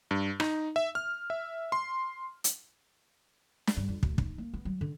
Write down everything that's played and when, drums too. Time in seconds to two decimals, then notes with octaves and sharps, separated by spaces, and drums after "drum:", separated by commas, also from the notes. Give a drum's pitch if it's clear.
0.11 G2
0.40 D#4, drum: rim click
0.76 E5
0.95 F6
1.30 E5
1.72 C6
2.44 drum: hi-hat
3.67 drum: snare
3.77 G2
3.88 F2
4.03 D2, drum: kick
4.18 D#4, drum: kick
4.38 A#3
4.54 B3
4.65 F#3
4.81 D3